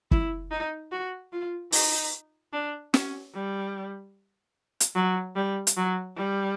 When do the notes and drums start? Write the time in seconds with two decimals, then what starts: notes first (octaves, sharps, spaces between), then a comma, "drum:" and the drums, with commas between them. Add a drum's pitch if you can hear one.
0.11 E4, drum: kick
0.51 D#4
0.91 F#4
1.32 F4
1.72 D#4, drum: open hi-hat
2.53 D4
2.94 C#4, drum: snare
3.34 G3
4.80 drum: hi-hat
4.95 F#3
5.36 G3
5.67 drum: hi-hat
5.77 F#3
6.17 G3